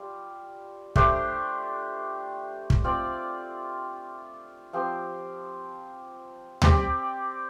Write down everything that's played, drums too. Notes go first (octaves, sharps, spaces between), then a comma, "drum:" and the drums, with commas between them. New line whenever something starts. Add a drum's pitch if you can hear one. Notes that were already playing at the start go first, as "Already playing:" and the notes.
Already playing: G3 F4
A3 D4 G4 C5, drum: kick
drum: kick
C4 F4 D5
F3 C4 G4 C5
C4 G4 D5, drum: tom D2